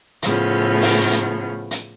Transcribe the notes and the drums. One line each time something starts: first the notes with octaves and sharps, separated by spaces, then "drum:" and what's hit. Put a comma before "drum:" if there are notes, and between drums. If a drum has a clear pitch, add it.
A2 C#3 F3 B3, drum: hi-hat
drum: open hi-hat
drum: hi-hat
drum: hi-hat